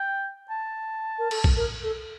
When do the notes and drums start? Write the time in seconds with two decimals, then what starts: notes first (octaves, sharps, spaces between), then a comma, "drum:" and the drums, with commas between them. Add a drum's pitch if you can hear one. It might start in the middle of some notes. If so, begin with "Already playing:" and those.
Already playing: G5
0.50 A5
1.19 A#4
1.31 A4, drum: cymbal
1.44 drum: kick A#1
1.57 A#4
1.83 A4